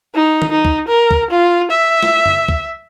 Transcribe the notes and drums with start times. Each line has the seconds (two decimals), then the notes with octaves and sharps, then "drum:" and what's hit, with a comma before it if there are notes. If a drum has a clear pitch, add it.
0.15 D#4
0.42 drum: tom
0.51 D#4
0.65 drum: kick C#2
0.88 A#4
1.11 drum: kick C#2
1.30 F4
1.70 E5
2.03 drum: snare
2.26 drum: tom F#2
2.48 drum: kick C#2